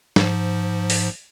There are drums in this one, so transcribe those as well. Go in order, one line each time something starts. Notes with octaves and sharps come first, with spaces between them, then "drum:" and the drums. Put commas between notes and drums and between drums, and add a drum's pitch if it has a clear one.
G#2 F3, drum: snare
drum: open hi-hat